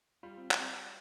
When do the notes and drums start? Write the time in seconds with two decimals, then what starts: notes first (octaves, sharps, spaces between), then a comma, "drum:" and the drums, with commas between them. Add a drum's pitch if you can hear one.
0.23 G3 F4
0.38 C4
0.51 C4, drum: clap